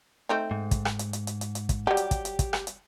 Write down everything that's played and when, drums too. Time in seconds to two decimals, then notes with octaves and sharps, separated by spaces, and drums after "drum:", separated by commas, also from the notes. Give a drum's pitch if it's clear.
0.29 A3 C4 D#4
0.51 G#2
0.71 drum: kick, hi-hat
0.85 drum: rim click
0.99 drum: hi-hat
1.13 drum: hi-hat
1.27 drum: hi-hat
1.41 drum: hi-hat
1.55 drum: hi-hat
1.69 drum: kick, hi-hat
1.87 F#3 G3 G4
1.97 drum: hi-hat
2.11 drum: kick, hi-hat
2.25 drum: hi-hat
2.39 drum: kick, hi-hat
2.53 drum: rim click
2.67 drum: hi-hat